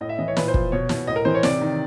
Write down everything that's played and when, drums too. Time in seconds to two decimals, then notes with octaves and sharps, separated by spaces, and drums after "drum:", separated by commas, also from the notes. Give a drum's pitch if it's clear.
0.01 A2 D#5
0.09 E5
0.19 E3 D#5
0.28 C#5
0.37 A#2 B4, drum: snare
0.48 C5
0.54 F3, drum: kick
0.72 B2 C#5
0.89 B2, drum: snare
1.07 A2 D#5
1.16 A#4
1.25 E3 C5
1.35 C#5
1.43 C3 D5, drum: snare
1.61 D#3